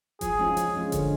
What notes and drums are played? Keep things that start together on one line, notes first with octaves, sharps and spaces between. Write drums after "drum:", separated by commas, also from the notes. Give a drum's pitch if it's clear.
F3 G#4, drum: kick F1, hi-hat
G#3 C#4 F4
F3, drum: hi-hat
G#3 C#4 F4
D3, drum: kick F1, hi-hat